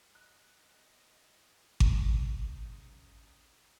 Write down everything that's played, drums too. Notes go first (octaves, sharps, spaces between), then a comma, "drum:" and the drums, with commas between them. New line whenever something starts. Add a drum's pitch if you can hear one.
D#5 F#6
drum: kick G#1
C#3 D#4